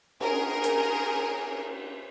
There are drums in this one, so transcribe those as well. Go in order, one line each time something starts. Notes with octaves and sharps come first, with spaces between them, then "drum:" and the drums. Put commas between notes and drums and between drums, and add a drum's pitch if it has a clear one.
G#4 A#4, drum: cymbal
drum: hi-hat